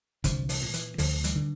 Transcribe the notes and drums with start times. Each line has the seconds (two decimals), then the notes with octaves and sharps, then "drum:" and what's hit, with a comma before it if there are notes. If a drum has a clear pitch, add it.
0.24 C2 D3 F3, drum: kick, hi-hat
0.49 E3, drum: open hi-hat
0.62 A#2
0.74 E3, drum: hi-hat
0.98 D2 D3 F3, drum: open hi-hat
1.24 E3 G3, drum: hi-hat
1.35 D3